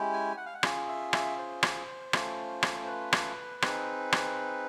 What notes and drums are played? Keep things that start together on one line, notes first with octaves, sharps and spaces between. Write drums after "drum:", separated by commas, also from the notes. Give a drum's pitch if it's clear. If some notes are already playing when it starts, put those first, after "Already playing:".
Already playing: G#3 C#4 E4 G4
G#5
F#5
F5
F#5
C#4 F4 G#4, drum: rim click
E5
E5, drum: rim click
C5
drum: rim click
A3 C#4 F4, drum: rim click
drum: rim click
C5
B4
drum: rim click
C4 D#4 G#4, drum: rim click
drum: rim click